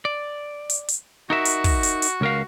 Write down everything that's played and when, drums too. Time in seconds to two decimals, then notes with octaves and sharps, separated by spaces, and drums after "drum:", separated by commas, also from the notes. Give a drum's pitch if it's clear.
0.05 D5
0.70 drum: hi-hat
0.88 drum: hi-hat
1.30 D#4 F#4 A#4 E5
1.45 drum: hi-hat
1.64 drum: kick, open hi-hat
1.83 drum: hi-hat
2.02 drum: hi-hat
2.21 C#2 A#4 F5